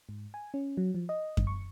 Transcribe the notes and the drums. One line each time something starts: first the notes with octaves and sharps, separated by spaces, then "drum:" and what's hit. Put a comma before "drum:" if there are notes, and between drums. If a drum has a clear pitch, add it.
G#2
G#5
C#4
F#3
F3
D#5
drum: kick F#2
C#6